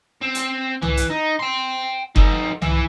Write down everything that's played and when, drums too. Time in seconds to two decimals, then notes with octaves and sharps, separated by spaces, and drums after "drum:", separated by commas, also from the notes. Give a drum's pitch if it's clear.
0.22 C4
0.35 drum: hi-hat
0.82 E3, drum: tom C2
0.97 drum: hi-hat
1.10 D#4
1.39 G5 C6
2.16 D#4 A4, drum: kick F#1
2.62 E3 E4, drum: tom C2